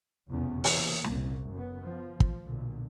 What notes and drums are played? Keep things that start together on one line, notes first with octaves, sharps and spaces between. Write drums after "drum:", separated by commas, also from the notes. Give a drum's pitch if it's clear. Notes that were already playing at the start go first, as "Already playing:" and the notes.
F1 B1 E2 C#3 B3 C#4
E3 A#3, drum: open hi-hat
F#1 C2 A#2, drum: snare
F#2 C#3 B3
F3
drum: kick
B1 A#2 D3